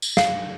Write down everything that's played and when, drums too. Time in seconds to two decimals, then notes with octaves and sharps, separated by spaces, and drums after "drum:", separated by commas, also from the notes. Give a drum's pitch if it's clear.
0.02 drum: tambourine
0.17 F5, drum: snare